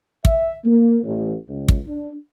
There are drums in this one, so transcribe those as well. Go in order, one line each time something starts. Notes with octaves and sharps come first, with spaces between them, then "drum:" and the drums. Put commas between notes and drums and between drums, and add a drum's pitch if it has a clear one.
E5, drum: kick
A#3
A1
C#2
drum: kick
D4